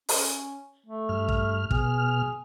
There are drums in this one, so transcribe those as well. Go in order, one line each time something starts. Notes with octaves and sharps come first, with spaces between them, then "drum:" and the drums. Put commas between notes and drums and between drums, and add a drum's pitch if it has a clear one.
C#4, drum: open hi-hat
A3
G2 F6
drum: kick
B2 G#4 F6, drum: kick